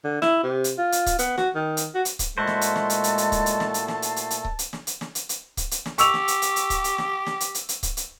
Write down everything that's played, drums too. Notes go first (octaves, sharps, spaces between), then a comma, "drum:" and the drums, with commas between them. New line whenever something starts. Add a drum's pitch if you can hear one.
D3
E4, drum: snare
C3
drum: hi-hat
F4
drum: hi-hat
drum: kick C#1, hi-hat
B3, drum: hi-hat
F#4, drum: snare
D#3
drum: hi-hat
F#4
drum: hi-hat
drum: kick C#1, hi-hat
A#2 G#3 A3 E4 F#4 A4 C5 A5
drum: snare
drum: hi-hat
drum: snare
drum: hi-hat
drum: hi-hat
drum: hi-hat
drum: kick C#1, hi-hat
drum: hi-hat
drum: snare
drum: hi-hat
drum: snare
drum: hi-hat
drum: hi-hat
drum: hi-hat
drum: kick C#1
drum: hi-hat
drum: snare
drum: hi-hat
drum: snare
drum: hi-hat
drum: hi-hat
drum: kick C#1, hi-hat
drum: hi-hat
drum: snare
G4 C#6 E6 F7, drum: hi-hat
drum: snare
drum: hi-hat
drum: hi-hat
drum: hi-hat
drum: kick C#1, hi-hat
drum: hi-hat
drum: snare
drum: snare
drum: hi-hat
drum: hi-hat
drum: hi-hat
drum: kick C#1, hi-hat
drum: hi-hat